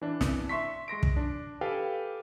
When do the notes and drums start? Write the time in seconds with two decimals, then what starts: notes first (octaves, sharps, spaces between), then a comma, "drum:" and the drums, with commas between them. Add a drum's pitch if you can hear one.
0.01 E3 D4
0.21 drum: snare
0.49 E5 C6 C#6 B6
0.88 G#3 C6 A#6 D7
1.03 drum: kick
1.16 D4
1.61 G4 A4 B4 F5 G5 G#5